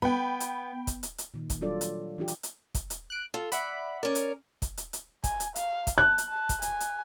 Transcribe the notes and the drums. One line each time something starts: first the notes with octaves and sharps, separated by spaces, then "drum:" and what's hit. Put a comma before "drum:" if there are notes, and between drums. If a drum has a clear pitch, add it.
B3 G5 B5
drum: hi-hat
drum: kick, hi-hat
drum: hi-hat
drum: hi-hat
A#2 D#3
drum: kick, hi-hat
F#3 G3 D4 F4 A4 D5
drum: hi-hat
E3 D4 F4 G4
drum: hi-hat
drum: hi-hat
drum: kick, hi-hat
drum: hi-hat
F#6 D7
F4 A4
D5 E5 F#5 B5, drum: hi-hat
C#4 A#4 D5
drum: hi-hat
drum: kick, hi-hat
drum: hi-hat
drum: hi-hat
G#5, drum: kick, hi-hat
drum: hi-hat
F5, drum: hi-hat
drum: kick, hi-hat
A5 F#6
drum: hi-hat
A5
drum: kick, hi-hat
G#5, drum: hi-hat
drum: hi-hat